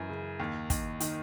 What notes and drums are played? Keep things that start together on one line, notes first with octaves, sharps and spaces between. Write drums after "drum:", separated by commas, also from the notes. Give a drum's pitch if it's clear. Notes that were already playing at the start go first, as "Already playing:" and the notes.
Already playing: F#2 E3
C#3
D#2
D#2, drum: kick, hi-hat
D#3, drum: hi-hat